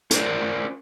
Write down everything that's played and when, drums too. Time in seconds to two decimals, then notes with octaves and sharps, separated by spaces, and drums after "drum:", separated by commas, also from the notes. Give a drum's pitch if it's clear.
0.11 C#4 D4 F4 A#4 C5 D5, drum: hi-hat